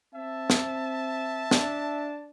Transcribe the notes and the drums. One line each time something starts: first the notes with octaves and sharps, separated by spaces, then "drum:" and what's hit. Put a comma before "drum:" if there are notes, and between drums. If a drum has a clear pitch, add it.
C4 E5 A5
drum: snare
D4, drum: snare